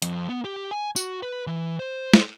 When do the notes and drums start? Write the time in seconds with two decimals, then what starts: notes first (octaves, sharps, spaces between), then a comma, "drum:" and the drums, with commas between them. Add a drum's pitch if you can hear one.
0.02 F2, drum: hi-hat
0.29 B3
0.44 G4
0.71 G#5
0.96 F#4, drum: tambourine
1.23 B4
1.47 E3
1.80 C5
2.14 drum: snare